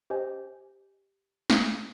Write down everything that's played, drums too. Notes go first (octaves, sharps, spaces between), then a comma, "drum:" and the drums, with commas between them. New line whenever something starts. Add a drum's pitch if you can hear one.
G4 C5 D#5 G#5
drum: snare